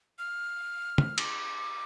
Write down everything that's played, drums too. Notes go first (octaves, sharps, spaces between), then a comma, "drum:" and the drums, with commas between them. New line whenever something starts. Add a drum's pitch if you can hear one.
F6
drum: tom
D6, drum: cymbal